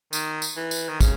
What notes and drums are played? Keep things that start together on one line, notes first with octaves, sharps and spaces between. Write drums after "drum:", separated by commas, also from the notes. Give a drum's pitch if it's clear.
D#3, drum: tambourine
drum: tambourine
E3
drum: tambourine
D#3
C#3, drum: kick, tambourine